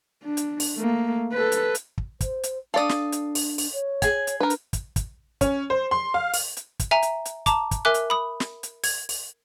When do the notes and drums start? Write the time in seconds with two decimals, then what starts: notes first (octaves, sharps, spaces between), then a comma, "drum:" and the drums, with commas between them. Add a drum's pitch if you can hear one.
0.23 D4
0.37 drum: hi-hat
0.60 drum: open hi-hat
0.76 A3 A#3
1.33 A4 B4
1.52 drum: hi-hat
1.75 drum: hi-hat
1.98 drum: kick
2.21 C5, drum: kick, hi-hat
2.43 drum: hi-hat
2.74 D4 A4 D5 F5 D#6
2.89 drum: snare
3.12 drum: hi-hat
3.35 drum: open hi-hat
3.58 drum: open hi-hat
3.72 C#5
4.02 G#4 G#5, drum: kick, hi-hat
4.27 drum: hi-hat
4.40 D4 A#4 B4
4.50 drum: hi-hat
4.73 drum: kick, hi-hat
4.96 drum: kick, hi-hat
5.41 C#4, drum: kick, hi-hat
5.70 C5
5.91 C6
6.14 F5
6.34 drum: open hi-hat
6.57 drum: hi-hat
6.79 drum: kick, hi-hat
6.91 E5 G#5 A#5
7.02 drum: hi-hat
7.25 drum: hi-hat
7.46 A5 A#5 D6, drum: kick, hi-hat
7.71 drum: kick, hi-hat
7.85 A#4 E5 G#5 D6 F#6
7.94 drum: hi-hat
8.10 B5 D#6
8.40 drum: snare
8.63 drum: hi-hat
8.84 G#6, drum: open hi-hat
9.09 drum: open hi-hat